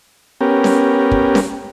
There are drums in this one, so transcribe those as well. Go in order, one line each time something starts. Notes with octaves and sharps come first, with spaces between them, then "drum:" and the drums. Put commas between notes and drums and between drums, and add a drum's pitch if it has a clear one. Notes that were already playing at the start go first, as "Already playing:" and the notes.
B3 C#4 G4 A#4
drum: snare C#4
drum: kick
drum: snare C#4